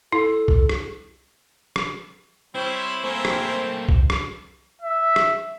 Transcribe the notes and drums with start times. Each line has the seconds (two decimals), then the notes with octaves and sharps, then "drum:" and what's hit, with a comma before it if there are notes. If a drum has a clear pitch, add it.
0.12 E4 A4
0.48 drum: kick
0.69 drum: rim click
1.76 drum: rim click
2.55 G3 C4 E4 C5 C#5 C6
3.03 A3 A#3 E4 A#4 C5 G#5
3.25 drum: rim click
3.89 drum: kick
4.10 drum: rim click
4.82 E5
5.16 drum: rim click